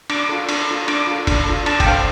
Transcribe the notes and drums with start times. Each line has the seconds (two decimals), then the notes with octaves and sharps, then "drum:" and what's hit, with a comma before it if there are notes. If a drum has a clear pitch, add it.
0.10 D4 D6, drum: cymbal
0.29 F4 A4
0.49 D4, drum: cymbal
0.68 F4 A4
0.88 D4 D6, drum: cymbal
1.07 F4 A4
1.27 D4, drum: kick, cymbal
1.46 F4 A4
1.66 D4 A5, drum: cymbal
1.80 G5, drum: kick, cymbal
1.86 A4 C5 F5